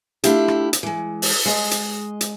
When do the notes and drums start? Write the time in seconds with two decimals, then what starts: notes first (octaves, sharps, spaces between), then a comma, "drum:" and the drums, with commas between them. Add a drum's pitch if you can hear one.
0.24 A3 D4 E4 F4 G4, drum: hi-hat
0.48 drum: rim click
0.73 drum: hi-hat
0.83 E3 G#3
1.22 drum: open hi-hat
1.46 G#3 D#5
1.71 drum: hi-hat
2.21 drum: hi-hat